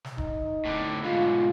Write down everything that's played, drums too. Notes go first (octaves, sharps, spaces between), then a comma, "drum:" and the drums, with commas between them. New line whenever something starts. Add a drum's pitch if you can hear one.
drum: snare
D#4, drum: kick D#1
A2 D3
G#2 B2 F4